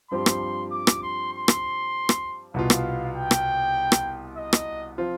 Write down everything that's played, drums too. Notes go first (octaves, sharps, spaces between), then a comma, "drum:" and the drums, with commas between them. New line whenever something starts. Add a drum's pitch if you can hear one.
G2 F3 C4 G4 C6
drum: rim click
D6
drum: rim click
C6
C6
drum: rim click
drum: rim click
C2 B2 B3 F4 F5
drum: rim click
G5
drum: rim click
drum: rim click
D#5
drum: rim click
F3 C4 F4